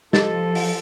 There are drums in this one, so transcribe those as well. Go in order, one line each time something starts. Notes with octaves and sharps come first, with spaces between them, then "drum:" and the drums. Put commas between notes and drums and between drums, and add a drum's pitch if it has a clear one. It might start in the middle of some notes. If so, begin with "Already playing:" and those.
F3 G4 A4 D#5 A6, drum: snare
drum: open hi-hat